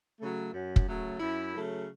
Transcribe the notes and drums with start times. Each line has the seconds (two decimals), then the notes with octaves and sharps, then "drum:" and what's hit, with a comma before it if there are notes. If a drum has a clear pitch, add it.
0.20 C#3 F#3 A3
0.53 F#2
0.76 drum: kick
0.87 C#3 F#3 A3
1.20 F#2 E4
1.54 C#3 F#3 A3